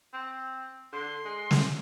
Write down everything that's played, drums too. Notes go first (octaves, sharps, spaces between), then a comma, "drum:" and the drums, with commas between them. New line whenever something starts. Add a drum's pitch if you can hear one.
C4
D3 C6
G#3
drum: snare